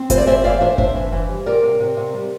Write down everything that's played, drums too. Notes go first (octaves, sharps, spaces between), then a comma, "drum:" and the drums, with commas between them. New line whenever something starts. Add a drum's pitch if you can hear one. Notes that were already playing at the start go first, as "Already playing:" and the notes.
Already playing: C4
E3 C5, drum: kick F#1, hi-hat
D5
E3 C5 E5
E3 D5 F5
D4 C5 E5
D4 C5 E5, drum: kick F#1
E3
E3
G3
C3 A#4 D5
C3
C3
C3
G3